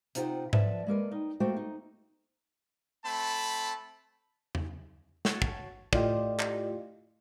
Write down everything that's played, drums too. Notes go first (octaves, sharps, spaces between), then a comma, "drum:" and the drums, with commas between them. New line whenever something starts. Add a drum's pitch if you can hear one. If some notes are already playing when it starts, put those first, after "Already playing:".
C3 D#4 F4 C5 F#5 G5, drum: hi-hat
F3 B4 D5 E5 F#5 A5, drum: tom G#2
G#3 A#3 A#4 B4
D#4 G5
A3 A#3 F#4 C5 G5
D#4
A3 C4 A5 B5
drum: tom E2
F#4 C#5 A5, drum: snare
drum: kick
A2 F4 G4 D5 D#5, drum: kick
drum: clap